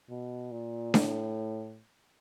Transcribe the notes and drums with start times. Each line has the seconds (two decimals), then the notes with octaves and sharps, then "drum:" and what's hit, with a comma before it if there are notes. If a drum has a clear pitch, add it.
0.10 B2
0.52 A#2
0.94 A2, drum: snare D4